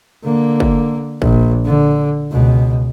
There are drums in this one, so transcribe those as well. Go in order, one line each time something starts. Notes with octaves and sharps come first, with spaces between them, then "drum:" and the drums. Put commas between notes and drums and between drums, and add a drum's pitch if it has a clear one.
D3 A#3
drum: kick
A#1, drum: kick
D3
C#2 B2